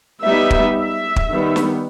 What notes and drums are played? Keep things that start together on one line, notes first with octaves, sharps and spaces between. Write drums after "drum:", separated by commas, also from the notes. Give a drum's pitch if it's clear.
G3 B3 D#4 E5
drum: kick
E5
drum: kick
D#3 G3 B3
drum: snare